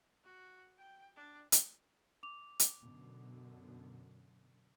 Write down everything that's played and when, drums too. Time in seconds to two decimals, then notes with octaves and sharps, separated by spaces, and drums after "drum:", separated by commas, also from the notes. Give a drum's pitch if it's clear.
0.24 F#4
0.78 G5
1.16 D4
1.52 drum: hi-hat
2.23 D6 F7
2.60 drum: hi-hat
2.81 F#2 B2 D3